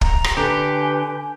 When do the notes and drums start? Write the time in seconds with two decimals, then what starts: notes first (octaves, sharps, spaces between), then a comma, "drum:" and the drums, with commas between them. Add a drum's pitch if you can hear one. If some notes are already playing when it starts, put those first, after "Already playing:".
0.01 A#5, drum: kick
0.24 drum: rim click
0.37 D3 G4 B4 G#5